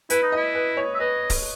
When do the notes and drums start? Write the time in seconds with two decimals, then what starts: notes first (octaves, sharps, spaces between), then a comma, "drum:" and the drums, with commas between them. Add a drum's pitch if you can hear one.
0.10 E4 B4, drum: hi-hat
0.23 D#4
0.32 E4 D#5
0.55 B4
0.77 C#5
0.95 E5
1.00 B4 D#5
1.30 drum: kick, open hi-hat